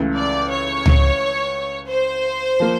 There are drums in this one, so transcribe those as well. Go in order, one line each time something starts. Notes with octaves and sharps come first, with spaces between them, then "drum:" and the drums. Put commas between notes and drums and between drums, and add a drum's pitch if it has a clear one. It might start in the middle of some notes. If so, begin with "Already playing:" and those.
Already playing: C#2 C#3 E3 A3
D5
C#5
drum: tom C#2
C5
F3 A#3